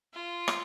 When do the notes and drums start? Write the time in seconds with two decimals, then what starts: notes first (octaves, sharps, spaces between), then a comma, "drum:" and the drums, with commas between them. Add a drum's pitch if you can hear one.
0.14 F4
0.48 drum: rim click